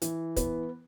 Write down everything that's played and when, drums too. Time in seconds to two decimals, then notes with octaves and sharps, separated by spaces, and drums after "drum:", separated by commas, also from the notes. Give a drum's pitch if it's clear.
0.02 E3, drum: hi-hat
0.36 B3, drum: kick, hi-hat